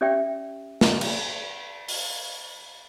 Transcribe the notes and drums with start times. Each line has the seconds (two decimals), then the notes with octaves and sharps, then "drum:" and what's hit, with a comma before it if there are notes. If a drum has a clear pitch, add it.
0.01 C#4 G4 D5 E5 G5
0.81 drum: snare
1.01 drum: cymbal
1.88 drum: open hi-hat